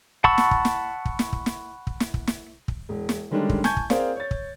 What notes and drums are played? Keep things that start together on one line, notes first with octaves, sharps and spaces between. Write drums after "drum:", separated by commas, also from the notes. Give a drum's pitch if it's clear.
F#5 A5 B5 C#6 E6, drum: kick
drum: snare
drum: kick
drum: snare
drum: kick
drum: snare
drum: kick
drum: snare
drum: kick
drum: snare
drum: kick
drum: snare
drum: kick
E1
drum: snare
D3 D#3 G3 G#3 C#4 D4
drum: kick
G#5 A5 C#6 G6 G#6, drum: snare
drum: kick
C4 G#4 A#4 C5 D5 F5, drum: snare
C#5 A6
drum: kick